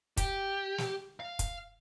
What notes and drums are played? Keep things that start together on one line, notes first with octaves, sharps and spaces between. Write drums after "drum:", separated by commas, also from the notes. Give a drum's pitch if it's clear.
G4, drum: kick, hi-hat
drum: snare
F5
drum: kick, hi-hat